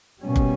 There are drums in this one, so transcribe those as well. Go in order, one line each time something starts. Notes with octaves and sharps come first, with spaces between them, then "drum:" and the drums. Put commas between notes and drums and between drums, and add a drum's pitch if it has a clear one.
B2 G3 A#3 C#4
drum: kick